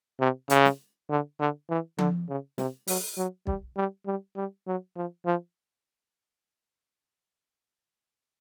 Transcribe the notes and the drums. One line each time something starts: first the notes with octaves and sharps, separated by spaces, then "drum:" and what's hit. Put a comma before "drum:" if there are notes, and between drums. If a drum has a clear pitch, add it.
C3
C#3, drum: hi-hat
drum: snare
D3
D3
E3
D3, drum: tom F3
C#3
C3, drum: snare
F#3, drum: open hi-hat
F#3
G3, drum: kick
G3
G3
G3
F#3
F3
F3